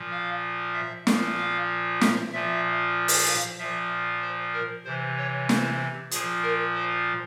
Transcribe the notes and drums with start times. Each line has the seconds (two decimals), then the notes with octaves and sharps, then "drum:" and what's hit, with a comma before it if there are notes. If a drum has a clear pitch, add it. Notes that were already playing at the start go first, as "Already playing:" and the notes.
Already playing: A#2 F3
0.11 F5
0.74 E5
1.07 A#2 F3, drum: snare
1.38 F5
2.01 E5, drum: snare
2.33 A#2 F3 E5
3.08 drum: open hi-hat
3.27 F5
3.58 A#2 F3 E5
4.21 C5
4.53 A#4
4.85 C3 E3 C5
5.17 C#5
5.49 C5, drum: snare
6.11 A#2 F3 G#4, drum: hi-hat
6.43 A#4
6.75 C5